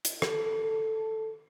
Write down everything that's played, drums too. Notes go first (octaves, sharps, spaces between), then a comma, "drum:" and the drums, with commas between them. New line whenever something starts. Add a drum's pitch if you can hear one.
drum: hi-hat
A4, drum: rim click